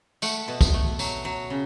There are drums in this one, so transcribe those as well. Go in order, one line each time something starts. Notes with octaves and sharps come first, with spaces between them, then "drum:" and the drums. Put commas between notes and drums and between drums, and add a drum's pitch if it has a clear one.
A3 F#5, drum: tambourine
B2
drum: kick, tambourine
A3
F#3, drum: tambourine
F#3
C#3